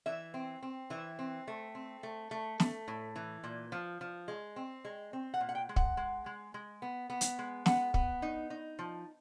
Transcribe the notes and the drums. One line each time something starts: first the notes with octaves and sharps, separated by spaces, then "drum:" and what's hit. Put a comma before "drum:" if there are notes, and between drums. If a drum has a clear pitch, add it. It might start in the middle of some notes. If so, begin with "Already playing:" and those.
E3 E5
C4
C4
E3 E5
C4
A3
C4
A3
A3
A3, drum: snare
A2
E3
A#2
F3
F3
G#3
C4
G#3
C4
F#5
A#2
F#5
G5
G#3
F#5, drum: kick
G#3
G#3
G#3
B3
B3
drum: hi-hat
G#3
B3 F#5, drum: snare
B3, drum: kick
D#4
D#4
F3